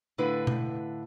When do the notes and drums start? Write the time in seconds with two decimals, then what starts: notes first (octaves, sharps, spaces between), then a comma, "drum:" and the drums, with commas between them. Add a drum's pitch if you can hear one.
0.18 A2 D3 E4 B4 F5
0.47 drum: tom B2